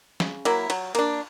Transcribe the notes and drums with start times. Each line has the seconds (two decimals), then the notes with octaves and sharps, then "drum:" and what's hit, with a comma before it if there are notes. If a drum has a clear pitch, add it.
0.20 C#3, drum: snare
0.45 F#3 A#3 E4, drum: cymbal
0.70 F#3, drum: cymbal
0.95 A#3 D4, drum: cymbal